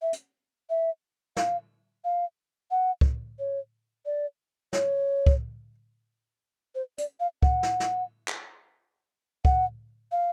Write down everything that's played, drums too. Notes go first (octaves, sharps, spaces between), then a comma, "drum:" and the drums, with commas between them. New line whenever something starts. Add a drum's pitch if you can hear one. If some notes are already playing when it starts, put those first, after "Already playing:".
E5
drum: hi-hat
E5
F5, drum: snare
F5
F#5
drum: kick
C#5
D5
C#5, drum: snare
drum: kick
C5
D5, drum: hi-hat
F5
F#5, drum: kick
drum: snare
drum: snare
drum: clap
F#5, drum: kick
F5